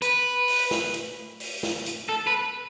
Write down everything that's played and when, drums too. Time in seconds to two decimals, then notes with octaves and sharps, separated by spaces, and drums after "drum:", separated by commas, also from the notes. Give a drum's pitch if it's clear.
0.02 B4, drum: hi-hat
0.48 drum: open hi-hat
0.71 drum: snare
0.94 drum: hi-hat
1.40 drum: open hi-hat
1.63 drum: snare
1.86 drum: hi-hat
2.09 A4
2.27 B4